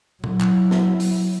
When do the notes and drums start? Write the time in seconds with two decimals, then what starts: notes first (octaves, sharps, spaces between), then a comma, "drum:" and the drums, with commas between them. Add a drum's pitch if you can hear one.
0.24 F#3 E4, drum: tom A#2
0.40 drum: clap
0.71 drum: snare
1.00 drum: open hi-hat